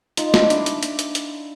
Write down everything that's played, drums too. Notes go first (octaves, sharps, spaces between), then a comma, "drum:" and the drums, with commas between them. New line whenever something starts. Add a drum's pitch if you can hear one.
D#4 F4, drum: hi-hat
D4 E4, drum: snare
D4 E4, drum: hi-hat
drum: hi-hat
drum: hi-hat
drum: hi-hat
drum: hi-hat